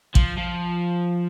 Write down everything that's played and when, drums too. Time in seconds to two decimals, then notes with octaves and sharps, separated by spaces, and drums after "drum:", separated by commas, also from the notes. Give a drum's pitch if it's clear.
0.15 F3, drum: kick
0.38 F3